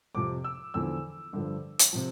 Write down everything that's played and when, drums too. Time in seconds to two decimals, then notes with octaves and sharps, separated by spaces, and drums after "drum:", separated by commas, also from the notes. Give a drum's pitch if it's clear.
0.15 F2 C3 F3 D6
0.44 E6
0.74 E2 D3 F3 E6
1.33 G2 D3 F3
1.79 drum: hi-hat
1.93 C3 F3